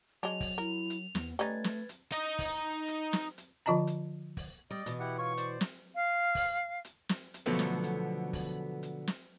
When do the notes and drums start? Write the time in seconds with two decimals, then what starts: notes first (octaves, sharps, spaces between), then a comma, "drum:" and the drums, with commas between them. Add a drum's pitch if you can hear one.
0.23 F#3 G#3 D4 F7
0.40 drum: kick, open hi-hat
0.58 E4 A#4
0.90 drum: hi-hat
1.15 E2 B3, drum: snare
1.39 G3 A3 C#4 D#4 B4 G#6 A6, drum: hi-hat
1.64 drum: snare
1.89 drum: hi-hat
2.12 D#4 D#5
2.39 drum: kick, open hi-hat
2.88 drum: hi-hat
3.13 drum: snare
3.38 drum: hi-hat
3.66 D3 F3 F4 D#5 A5 A#5
3.87 drum: hi-hat
4.37 drum: kick, open hi-hat
4.71 G3 D5 D#5
4.86 B2 E3, drum: hi-hat
5.00 E4 G4 F#5
5.18 F4 C#5 C#6
5.37 C5 D5, drum: hi-hat
5.61 drum: snare
5.95 F5
6.35 drum: kick, open hi-hat
6.85 drum: hi-hat
7.09 drum: snare
7.34 drum: hi-hat
7.46 B2 D3 F3 F#3 A3 B3
7.59 drum: snare
7.84 drum: hi-hat
8.33 drum: kick, open hi-hat
8.83 drum: hi-hat
9.07 drum: snare